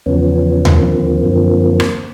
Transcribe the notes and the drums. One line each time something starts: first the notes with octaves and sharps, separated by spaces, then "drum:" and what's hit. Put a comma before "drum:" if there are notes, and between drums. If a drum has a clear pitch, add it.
E2 C#3 F3 B3 C#4
D#2 D3 F3 A#3 C4, drum: tom D#2
F#2 D3 F3
drum: rim click